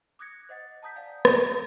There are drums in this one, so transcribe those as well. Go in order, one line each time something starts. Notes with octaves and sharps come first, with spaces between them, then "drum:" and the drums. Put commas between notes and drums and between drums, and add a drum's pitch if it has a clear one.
D6 D#6 F#6 G#6 A#6 C#7
C5 D#5 F#5 A6
A5 A#5 D#6 G6 B6
D5 F5 F#5 G#5
drum: rim click
A#6